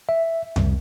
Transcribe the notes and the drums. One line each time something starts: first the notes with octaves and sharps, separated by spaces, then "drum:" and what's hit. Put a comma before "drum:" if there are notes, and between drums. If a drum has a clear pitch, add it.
E5
C2, drum: tom F2